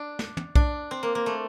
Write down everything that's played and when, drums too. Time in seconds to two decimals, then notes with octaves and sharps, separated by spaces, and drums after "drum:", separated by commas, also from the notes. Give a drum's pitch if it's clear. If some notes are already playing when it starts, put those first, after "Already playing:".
Already playing: D4
0.19 drum: snare
0.37 drum: tom
0.55 D4, drum: kick B1
0.91 C4
1.03 A#3
1.15 A#3
1.26 A3